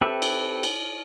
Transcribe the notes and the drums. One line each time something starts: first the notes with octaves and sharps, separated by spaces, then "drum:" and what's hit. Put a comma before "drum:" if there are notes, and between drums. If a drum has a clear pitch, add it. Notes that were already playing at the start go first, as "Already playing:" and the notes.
C4 G4 A4 B4 E5
drum: cymbal
drum: cymbal